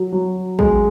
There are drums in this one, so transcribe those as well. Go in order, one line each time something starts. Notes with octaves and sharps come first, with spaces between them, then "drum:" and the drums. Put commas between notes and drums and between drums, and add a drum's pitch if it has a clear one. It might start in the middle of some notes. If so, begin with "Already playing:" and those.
Already playing: F#3
F#3
G#3, drum: kick